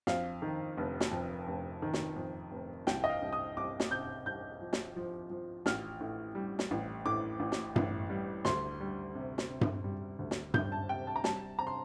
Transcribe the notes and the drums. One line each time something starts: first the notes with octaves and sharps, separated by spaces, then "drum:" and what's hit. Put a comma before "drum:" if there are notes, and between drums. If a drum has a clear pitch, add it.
F2 F5, drum: snare
D#3
F1
drum: snare
F2
F1
D#3
drum: snare
F2
F1
C2 G5, drum: snare
D#5
F5
C2
D#6
C2 D6
drum: snare
C3 G6
C2 G6
F3
drum: snare
F3
F3
A1 F6, drum: snare
A2
G3
drum: snare
A1
A2 D6
A1
drum: snare
A1, drum: tom G2
G3
D2 C6, drum: snare
G3
C3
drum: snare
C3
drum: tom G2
G3
D2
drum: snare
G3 G6, drum: tom G2
A5
C3 G5
A5
A#5
G3 A5, drum: snare
C3 A#5
C6